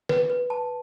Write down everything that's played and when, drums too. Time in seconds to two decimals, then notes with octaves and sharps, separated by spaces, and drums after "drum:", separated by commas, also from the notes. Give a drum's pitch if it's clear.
0.09 B4, drum: snare
0.30 B4
0.50 A5